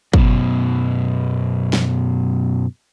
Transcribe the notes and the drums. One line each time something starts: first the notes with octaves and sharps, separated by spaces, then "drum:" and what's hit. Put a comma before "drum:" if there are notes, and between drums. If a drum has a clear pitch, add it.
F#2 B2, drum: kick
drum: snare